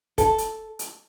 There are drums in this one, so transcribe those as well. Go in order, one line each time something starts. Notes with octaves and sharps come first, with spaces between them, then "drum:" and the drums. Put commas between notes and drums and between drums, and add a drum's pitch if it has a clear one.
A4, drum: kick, hi-hat
drum: hi-hat
drum: hi-hat